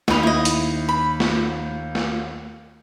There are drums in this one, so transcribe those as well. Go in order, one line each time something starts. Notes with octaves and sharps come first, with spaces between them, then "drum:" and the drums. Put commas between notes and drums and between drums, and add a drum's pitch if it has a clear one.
D#2 D#5 B5 F7, drum: snare
E4 D#5
drum: hi-hat
B5
drum: snare
drum: snare